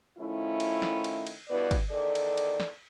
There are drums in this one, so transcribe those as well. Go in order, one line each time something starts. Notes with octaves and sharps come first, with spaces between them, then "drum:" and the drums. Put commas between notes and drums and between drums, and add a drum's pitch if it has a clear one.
D#3 F3 A3 C#4 E4
drum: cymbal
drum: snare
drum: cymbal
drum: cymbal
G2 B2 B3 E4 B4 D5
drum: kick, cymbal
E2 D#3 A4 D5
drum: cymbal
drum: cymbal
drum: snare